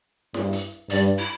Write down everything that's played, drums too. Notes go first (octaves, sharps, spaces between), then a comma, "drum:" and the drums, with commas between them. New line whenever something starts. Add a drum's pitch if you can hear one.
G2, drum: snare E4
drum: hi-hat
G2 D5, drum: hi-hat
E4